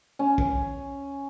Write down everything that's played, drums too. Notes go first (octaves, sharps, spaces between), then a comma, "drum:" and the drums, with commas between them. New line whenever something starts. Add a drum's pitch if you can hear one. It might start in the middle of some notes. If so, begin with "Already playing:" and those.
C#4
drum: kick